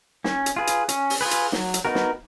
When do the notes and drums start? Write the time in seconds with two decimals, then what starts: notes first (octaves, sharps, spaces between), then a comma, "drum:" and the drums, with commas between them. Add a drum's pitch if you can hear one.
0.24 C#4, drum: snare
0.46 drum: hi-hat
0.56 F4 G#4 B4
0.67 drum: hi-hat
0.89 C#4, drum: hi-hat
1.10 drum: open hi-hat
1.21 F4 G#4 B4
1.31 drum: hi-hat
1.52 F#3, drum: snare
1.74 drum: hi-hat
1.85 B3 D#4 F#4 A#4
1.95 drum: snare